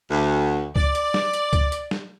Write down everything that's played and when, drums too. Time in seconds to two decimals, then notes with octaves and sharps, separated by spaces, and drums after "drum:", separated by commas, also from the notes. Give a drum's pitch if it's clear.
0.10 D2
0.76 D5, drum: kick C#2
0.95 drum: hi-hat
1.14 drum: snare
1.33 drum: hi-hat
1.53 drum: kick C#2, hi-hat
1.72 drum: hi-hat
1.91 drum: snare